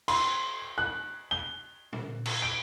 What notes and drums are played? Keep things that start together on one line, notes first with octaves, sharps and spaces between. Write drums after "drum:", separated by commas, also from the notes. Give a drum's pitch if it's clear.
C6, drum: cymbal
F#6
G7
drum: tom A#2
drum: cymbal
D7